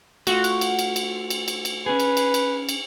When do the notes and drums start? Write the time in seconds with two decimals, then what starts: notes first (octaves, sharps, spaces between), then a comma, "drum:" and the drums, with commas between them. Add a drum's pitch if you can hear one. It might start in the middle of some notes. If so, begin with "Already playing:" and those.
0.27 A3 F4 F#4, drum: cymbal
0.44 drum: cymbal
0.61 drum: cymbal
0.79 drum: cymbal
0.96 drum: cymbal
1.30 drum: cymbal
1.48 drum: cymbal
1.65 drum: cymbal
1.86 C#4 G#4 B4
2.00 drum: cymbal
2.17 drum: cymbal
2.34 drum: cymbal
2.69 drum: cymbal